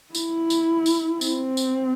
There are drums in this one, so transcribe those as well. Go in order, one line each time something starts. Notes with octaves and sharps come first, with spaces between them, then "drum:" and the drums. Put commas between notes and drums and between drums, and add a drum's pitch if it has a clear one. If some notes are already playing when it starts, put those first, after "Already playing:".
E4, drum: tambourine
drum: tambourine
drum: tambourine
C4, drum: tambourine
drum: tambourine